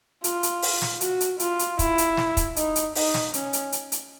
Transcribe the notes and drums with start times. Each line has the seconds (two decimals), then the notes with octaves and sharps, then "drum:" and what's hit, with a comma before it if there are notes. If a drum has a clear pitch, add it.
0.24 F4, drum: hi-hat
0.43 drum: hi-hat
0.62 drum: open hi-hat
0.82 drum: snare
1.01 F#4, drum: hi-hat
1.20 drum: hi-hat
1.40 F4, drum: hi-hat
1.59 drum: hi-hat
1.79 E4, drum: kick, hi-hat
1.98 drum: hi-hat
2.17 drum: snare
2.37 drum: kick, hi-hat
2.56 D#4, drum: hi-hat
2.76 drum: hi-hat
2.95 D#4, drum: open hi-hat
3.14 drum: snare
3.34 C#4, drum: hi-hat
3.53 drum: hi-hat
3.72 drum: hi-hat
3.92 drum: hi-hat